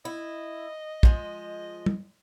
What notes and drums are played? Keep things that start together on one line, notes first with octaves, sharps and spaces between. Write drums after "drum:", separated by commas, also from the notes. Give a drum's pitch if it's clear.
E4 D#5
F3 G#3, drum: kick
drum: tom